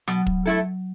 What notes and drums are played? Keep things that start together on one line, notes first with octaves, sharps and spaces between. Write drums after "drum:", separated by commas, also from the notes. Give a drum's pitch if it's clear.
B2 F#3, drum: rim click
drum: kick
A3 E4 A4